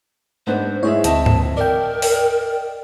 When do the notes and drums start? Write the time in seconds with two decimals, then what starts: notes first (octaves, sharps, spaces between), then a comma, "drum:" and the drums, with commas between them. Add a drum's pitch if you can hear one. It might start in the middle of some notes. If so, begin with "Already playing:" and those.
0.47 G#2 B3 D4 C5
0.83 G#2 E4 G#4 C#5 E5
1.04 D2 C4 D#5 E5 A5, drum: hi-hat
1.26 drum: tom G#2
1.57 A#4 D5 G5
2.02 drum: open hi-hat